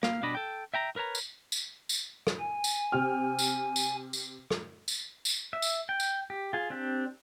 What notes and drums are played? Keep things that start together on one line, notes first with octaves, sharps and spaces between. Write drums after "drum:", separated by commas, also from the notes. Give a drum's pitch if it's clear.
A#3 F5, drum: rim click
B2 G3 D4 D5 D#5 B5
A4 G5
E5 G5 A#5
A#4 B4 C#5 A#5
drum: tambourine
drum: tambourine
drum: tambourine
drum: rim click
G#5
drum: tambourine
C3 G5 F6
drum: tambourine
drum: tambourine
drum: tambourine
drum: rim click
drum: tambourine
drum: tambourine
E5
drum: tambourine
G5
drum: tambourine
G4
F4 G#4
C4 D4 G4